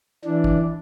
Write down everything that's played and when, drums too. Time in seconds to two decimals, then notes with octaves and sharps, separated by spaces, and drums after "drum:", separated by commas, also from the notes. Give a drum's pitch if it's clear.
0.25 E3 D4
0.44 drum: kick